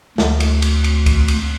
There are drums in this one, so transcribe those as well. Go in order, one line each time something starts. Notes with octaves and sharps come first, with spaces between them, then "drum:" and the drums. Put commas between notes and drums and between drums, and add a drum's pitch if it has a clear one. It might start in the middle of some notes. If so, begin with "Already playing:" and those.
D2, drum: snare
drum: cymbal
drum: cymbal
drum: cymbal
drum: kick C2, cymbal
drum: cymbal